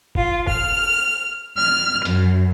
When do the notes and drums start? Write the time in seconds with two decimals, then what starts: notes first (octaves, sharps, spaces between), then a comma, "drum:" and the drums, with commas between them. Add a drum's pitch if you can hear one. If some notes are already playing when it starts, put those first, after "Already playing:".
0.15 F4, drum: kick F#1
0.47 F6, drum: kick F#1
1.56 F6
2.05 F#2, drum: hi-hat